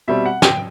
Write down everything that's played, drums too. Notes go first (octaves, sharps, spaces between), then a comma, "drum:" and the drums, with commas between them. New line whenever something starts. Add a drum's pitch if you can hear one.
B2 G3 C4 E5
F#5
G5, drum: snare